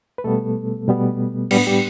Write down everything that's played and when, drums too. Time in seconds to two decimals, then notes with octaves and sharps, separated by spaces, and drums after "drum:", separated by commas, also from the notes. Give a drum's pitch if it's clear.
0.18 B4
0.24 B2 G3 A3 B3 A4
0.88 B2 G3 B3
1.51 A2 G3 B3 D4 G4, drum: cymbal
1.67 G3 G4